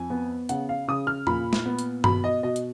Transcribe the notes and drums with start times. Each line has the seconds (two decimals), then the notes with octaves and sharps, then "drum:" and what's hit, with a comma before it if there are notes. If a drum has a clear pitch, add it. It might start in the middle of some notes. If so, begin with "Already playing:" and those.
Already playing: F2 G#5
0.10 B3
0.49 C#3 F#5, drum: hi-hat
0.69 F5
0.88 C#3 D#6
1.07 F6
1.27 A#2 B5, drum: tom E2
1.53 drum: snare
1.66 B3
1.79 drum: hi-hat
2.04 B2 B5, drum: tom G2
2.24 D#5
2.43 B2 D#5
2.56 drum: hi-hat